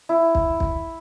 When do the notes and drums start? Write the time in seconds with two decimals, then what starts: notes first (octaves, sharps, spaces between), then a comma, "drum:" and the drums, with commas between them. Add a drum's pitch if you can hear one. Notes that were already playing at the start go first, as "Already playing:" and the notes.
0.09 E4
0.35 drum: kick
0.60 drum: kick